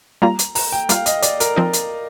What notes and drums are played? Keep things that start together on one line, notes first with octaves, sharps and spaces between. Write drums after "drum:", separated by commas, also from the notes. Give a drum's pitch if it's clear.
G3 A#3 F4 A#5
drum: hi-hat
A#5, drum: open hi-hat
G5
G3 A#3 F4 F5, drum: hi-hat
D#5, drum: hi-hat
D5, drum: hi-hat
A#4, drum: hi-hat
F3 C4 D#4
drum: hi-hat